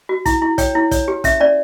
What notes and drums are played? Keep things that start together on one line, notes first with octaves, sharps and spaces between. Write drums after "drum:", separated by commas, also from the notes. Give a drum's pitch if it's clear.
F#4
E4, drum: kick, hi-hat
E4
C#5 G5, drum: kick, hi-hat
E4
C#5, drum: kick, hi-hat
G4
C#4 E5, drum: kick, hi-hat
C#4 D5